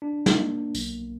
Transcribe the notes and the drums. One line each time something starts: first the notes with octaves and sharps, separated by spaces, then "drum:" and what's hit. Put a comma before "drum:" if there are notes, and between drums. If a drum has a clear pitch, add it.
D4
drum: snare
A#3
B1, drum: tambourine